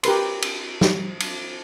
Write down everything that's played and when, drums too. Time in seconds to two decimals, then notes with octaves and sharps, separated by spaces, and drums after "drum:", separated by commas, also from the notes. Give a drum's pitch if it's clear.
0.03 G4 A#4 B4 C6, drum: cymbal
0.42 drum: cymbal
0.81 drum: snare
1.20 drum: cymbal